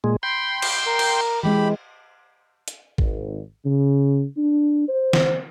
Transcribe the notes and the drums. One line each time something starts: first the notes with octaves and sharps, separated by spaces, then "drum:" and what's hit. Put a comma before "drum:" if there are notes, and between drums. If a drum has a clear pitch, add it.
A#2 G#3
G5 B5 C6
drum: cymbal
A#4
drum: cymbal
E3 G#3 C4 G4 B5
drum: hi-hat
G#1, drum: kick G#1
C#3
D4
C5
drum: snare